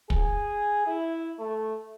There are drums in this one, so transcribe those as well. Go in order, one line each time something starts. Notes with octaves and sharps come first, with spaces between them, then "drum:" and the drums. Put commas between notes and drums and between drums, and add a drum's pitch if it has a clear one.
G#4, drum: kick
E4
A3